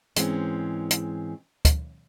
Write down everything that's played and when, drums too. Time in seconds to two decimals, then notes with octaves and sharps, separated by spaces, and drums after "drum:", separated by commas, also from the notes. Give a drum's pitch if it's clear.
0.16 G#2 E3 G#3 C4 C#4, drum: hi-hat
0.91 drum: hi-hat
1.65 drum: kick, hi-hat